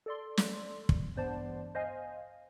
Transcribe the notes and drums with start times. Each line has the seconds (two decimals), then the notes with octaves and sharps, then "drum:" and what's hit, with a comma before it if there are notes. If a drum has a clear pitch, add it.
0.06 A4 D5 C6
0.37 drum: snare
0.89 drum: kick
1.16 A1 G2 B3 C5 D5 A5
1.75 C5 D#5 F5 G#5